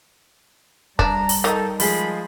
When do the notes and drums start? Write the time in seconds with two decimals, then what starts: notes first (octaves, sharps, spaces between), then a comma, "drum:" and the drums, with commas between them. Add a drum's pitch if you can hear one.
0.99 G3 D4 A#5, drum: kick
1.29 drum: open hi-hat
1.44 D#3 D#4 A4
1.80 F3 G#3 G#4 B5, drum: open hi-hat